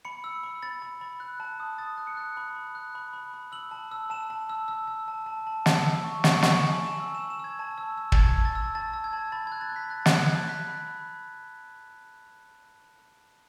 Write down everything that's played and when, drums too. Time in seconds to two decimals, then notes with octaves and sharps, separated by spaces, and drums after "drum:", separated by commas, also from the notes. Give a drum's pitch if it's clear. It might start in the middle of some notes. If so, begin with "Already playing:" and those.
0.05 B5 C#7
0.24 E6
0.43 B5
0.63 B5 A6
0.82 B5
1.01 B5
1.20 F#6
1.40 A5
1.60 D#6
1.78 D#6 A6
1.97 F#6
2.07 C#7
2.17 F#6
2.37 B5
2.57 B5
2.75 F#6
2.95 B5
3.13 B5
3.34 B5
3.52 E6 F#7
3.71 A5
3.91 E6
4.10 A5 E7
4.30 A5
4.50 E6
4.68 E6
4.87 E6
5.08 A5
5.26 A5
5.47 A5
5.66 A5, drum: snare
5.85 E6
6.04 C#6
6.24 C#6, drum: snare
6.43 C#6 F#7, drum: snare
6.58 G#5 E7
6.71 F#7
6.81 G#5 E7
7.00 E6
7.15 E7
7.21 E6
7.30 E7
7.40 E6 G#6
7.59 A5
7.78 E6
7.98 E6
8.12 A6, drum: kick
8.17 A5 G#6
8.36 E6
8.45 A6
8.55 E6
8.75 A5 A6
8.93 E6
9.04 G#6
9.13 A5
9.32 B5 A6
9.47 F#6 G#6
9.61 A6
9.72 B5 B6
9.90 F#6 A6
10.06 F#6 A6, drum: snare
10.19 G#6
10.30 F#6 A6
10.49 F#6 B6
10.68 B5
10.88 B5